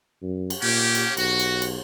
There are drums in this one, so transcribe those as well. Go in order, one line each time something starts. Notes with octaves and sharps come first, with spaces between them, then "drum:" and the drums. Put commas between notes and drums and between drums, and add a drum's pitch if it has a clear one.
F#2
drum: cymbal
A#2 A#3 C#4 G4
drum: cymbal
B1 F#4, drum: cymbal
drum: cymbal
drum: cymbal